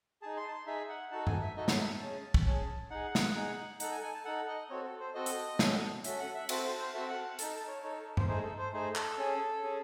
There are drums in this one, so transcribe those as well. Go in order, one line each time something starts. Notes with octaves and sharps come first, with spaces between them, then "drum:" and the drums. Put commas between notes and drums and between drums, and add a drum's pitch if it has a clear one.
D#4 G#4 A5
C6
A5
C6
D#4 G#4 E5
F#5
D#4 F#4 A4 A5
G#5, drum: tom G2
E5
D#4 F#4 A4 D#5
C#5, drum: snare
E5
C#4 G#4 A5
drum: kick
C#4 G#4
D#4 G#4 F#5
drum: snare
D#4 G#4
D#4 A4 F#5, drum: hi-hat
G#5
G#5
A5
D#4 A4 F#5
D#5
C4 F#4 A4 C#5
A4
C5
C4 F#4 A4 D#5
drum: hi-hat
C#4 F#4 A4, drum: snare
C#4 F#4 A4 E5, drum: hi-hat
F#5
E5
C4 F#4 A4 E5, drum: cymbal
C5
C5
C4 F#4 A4 E5
F#5
D#4 A4 A5, drum: hi-hat
A5
C#5
D#4 A4 C#5
C5, drum: tom G2
A3 D#4 G#4 C5
A4
C5
A3 D#4 G#4 C5
A4, drum: clap
C#4 G#4
C#4 G#4